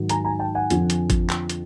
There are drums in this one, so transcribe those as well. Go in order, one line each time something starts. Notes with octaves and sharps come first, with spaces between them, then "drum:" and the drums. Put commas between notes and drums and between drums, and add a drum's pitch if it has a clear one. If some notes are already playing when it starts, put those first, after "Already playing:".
Already playing: G#2 D#3 F#3
G#5 A#5, drum: hi-hat
G#5 A#5
G5 A5
F#5 G#5
F2 D3 F3, drum: hi-hat
drum: hi-hat
drum: kick G#1, hi-hat
drum: clap
drum: hi-hat